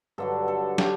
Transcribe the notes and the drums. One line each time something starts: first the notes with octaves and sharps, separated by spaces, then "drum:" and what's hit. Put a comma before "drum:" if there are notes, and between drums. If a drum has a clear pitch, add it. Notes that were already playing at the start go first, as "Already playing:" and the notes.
G2 D3 F#3 A4
A4
F#3 G4, drum: snare